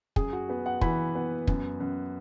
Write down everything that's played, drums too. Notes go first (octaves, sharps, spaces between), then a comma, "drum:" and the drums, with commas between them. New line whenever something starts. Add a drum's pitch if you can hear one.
F#2 G#4, drum: kick
F#4
B3 G#4
F#5
E3 B5, drum: kick
B3
F#2, drum: kick
F#2